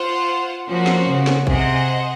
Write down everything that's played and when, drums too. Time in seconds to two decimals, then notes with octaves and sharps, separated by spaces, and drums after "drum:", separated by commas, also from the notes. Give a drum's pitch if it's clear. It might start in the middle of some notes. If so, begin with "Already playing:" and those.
Already playing: F4 C5 F#5
0.67 F3 A#3 C#4 F#4 C5
0.87 drum: snare
1.07 C#3
1.27 drum: snare
1.47 C3 G#4 C5 D#5 F#5, drum: kick